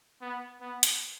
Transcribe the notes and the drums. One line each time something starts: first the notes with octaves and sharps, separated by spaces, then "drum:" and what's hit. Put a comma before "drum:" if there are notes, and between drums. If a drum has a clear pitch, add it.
B3
B3
drum: hi-hat